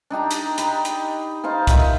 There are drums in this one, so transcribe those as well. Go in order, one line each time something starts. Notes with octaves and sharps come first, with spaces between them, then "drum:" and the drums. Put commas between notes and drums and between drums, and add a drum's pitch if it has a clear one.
D4 D#4 G4 A#5
drum: hi-hat
D#4 B5, drum: hi-hat
drum: hi-hat
D#4 C5 F5 A5
F4 A#4 D#5 E5, drum: kick, hi-hat